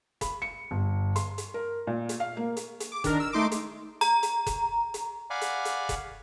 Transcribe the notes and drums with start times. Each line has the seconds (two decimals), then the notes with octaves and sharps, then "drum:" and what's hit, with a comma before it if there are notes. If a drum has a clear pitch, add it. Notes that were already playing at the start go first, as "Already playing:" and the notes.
0.21 B5, drum: kick F1, hi-hat
0.42 C#7
0.71 G1
1.16 C6, drum: hi-hat
1.38 drum: hi-hat
1.54 A#4
1.87 A#2
2.09 drum: hi-hat
2.20 F5
2.37 A#3
2.57 drum: hi-hat
2.80 drum: hi-hat
2.92 D6
3.04 D#3 D4 A#4, drum: kick F1, hi-hat
3.20 E6
3.32 A3 D#4 C6 D6 D7
3.52 drum: hi-hat
4.01 A#5, drum: hi-hat
4.23 drum: hi-hat
4.46 drum: kick F1, hi-hat
4.94 drum: hi-hat
5.30 D5 F5 F#5 G#5 B5
5.41 drum: hi-hat
5.65 drum: hi-hat
5.89 drum: kick F1, hi-hat